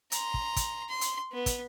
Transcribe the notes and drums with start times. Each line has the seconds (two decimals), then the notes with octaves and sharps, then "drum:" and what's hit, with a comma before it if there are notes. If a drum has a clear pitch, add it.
0.12 A#5 C6, drum: hi-hat
0.34 drum: kick
0.56 drum: kick, hi-hat
0.88 C6
1.01 drum: hi-hat
1.32 B3
1.46 drum: kick, hi-hat